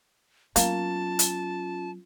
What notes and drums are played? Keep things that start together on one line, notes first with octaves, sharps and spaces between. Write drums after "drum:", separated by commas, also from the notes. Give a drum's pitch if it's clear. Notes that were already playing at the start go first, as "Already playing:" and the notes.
F#3 A#3 B3 C#4 F4 A5, drum: hi-hat
drum: hi-hat